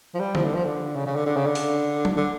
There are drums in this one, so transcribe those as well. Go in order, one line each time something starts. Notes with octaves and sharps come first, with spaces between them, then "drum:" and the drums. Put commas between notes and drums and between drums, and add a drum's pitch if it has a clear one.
F3
G3
F3, drum: tom D3
D3
F3
D3
C#3
C#3
D3
D3
C#3
D3
drum: open hi-hat
drum: tom F#3
D3